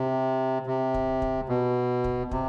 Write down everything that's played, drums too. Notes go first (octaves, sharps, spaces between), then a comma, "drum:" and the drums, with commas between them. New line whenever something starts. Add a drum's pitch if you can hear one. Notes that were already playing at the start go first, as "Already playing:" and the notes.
Already playing: C3
C3
drum: kick
drum: kick
B2
drum: kick
C3, drum: kick